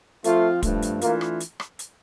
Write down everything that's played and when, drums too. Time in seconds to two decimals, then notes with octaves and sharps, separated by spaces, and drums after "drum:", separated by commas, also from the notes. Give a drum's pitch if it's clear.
0.24 F3 A3 C4 F4, drum: hi-hat
0.63 G2 F3 A3, drum: kick, hi-hat
0.82 drum: hi-hat
1.01 E3 A3 A#3 D4 F4, drum: hi-hat
1.21 drum: rim click
1.40 drum: hi-hat
1.60 drum: rim click
1.79 drum: hi-hat